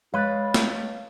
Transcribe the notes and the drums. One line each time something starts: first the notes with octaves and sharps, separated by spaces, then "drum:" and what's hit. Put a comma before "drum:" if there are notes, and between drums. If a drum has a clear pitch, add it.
G#3 B4 C#5 F5 A6
drum: snare